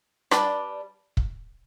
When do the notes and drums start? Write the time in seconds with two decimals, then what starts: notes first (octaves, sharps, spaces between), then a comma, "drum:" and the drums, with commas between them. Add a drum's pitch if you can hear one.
0.31 G3 D4 B4 D5, drum: rim click
1.17 drum: kick